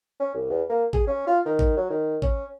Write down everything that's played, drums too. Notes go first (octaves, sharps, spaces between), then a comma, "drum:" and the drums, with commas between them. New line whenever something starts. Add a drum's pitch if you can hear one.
C#4
C2
E2
A#3
G#4, drum: kick G#1
C#4
F4
D#3
drum: kick G#1
F#3
D#3
C#4, drum: kick G#1